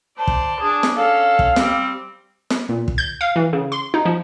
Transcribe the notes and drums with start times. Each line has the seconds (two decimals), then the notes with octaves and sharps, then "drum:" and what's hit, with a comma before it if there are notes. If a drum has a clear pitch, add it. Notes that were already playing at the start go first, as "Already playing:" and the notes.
0.18 C5 D5 A5
0.27 drum: kick
0.60 D4 G#4
0.83 drum: snare
0.96 C#4 A4 F5
1.39 drum: kick
1.56 G3 C4, drum: snare
2.50 drum: snare
2.69 A#2
2.88 drum: kick
2.98 G6
3.21 F5
3.36 E3
3.53 C#3
3.72 C6
3.94 D#4
4.05 F3